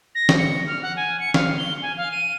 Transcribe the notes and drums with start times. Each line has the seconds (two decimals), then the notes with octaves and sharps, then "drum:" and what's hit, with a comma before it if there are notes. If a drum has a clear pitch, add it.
0.15 A#6
0.29 drum: snare
0.38 C#7
0.67 F6
0.83 F#5
0.96 G#5
1.20 C#7
1.34 F5, drum: snare
1.58 G7
1.82 G#5
1.97 F5
2.12 D#7